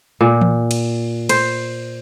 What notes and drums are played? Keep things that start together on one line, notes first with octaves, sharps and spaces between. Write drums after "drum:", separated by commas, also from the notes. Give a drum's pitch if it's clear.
A#2
drum: tom E3
drum: cymbal
C5, drum: cymbal